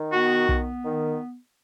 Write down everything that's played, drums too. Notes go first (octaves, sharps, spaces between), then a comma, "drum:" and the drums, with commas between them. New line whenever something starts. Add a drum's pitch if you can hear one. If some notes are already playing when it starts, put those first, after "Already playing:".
Already playing: D#3
B3 F#4
B3, drum: kick B1
D#3